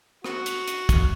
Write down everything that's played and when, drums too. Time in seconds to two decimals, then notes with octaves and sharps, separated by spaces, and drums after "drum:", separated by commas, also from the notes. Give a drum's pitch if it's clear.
0.24 F#4, drum: rim click
0.46 drum: hi-hat
0.67 drum: hi-hat
0.89 drum: kick, hi-hat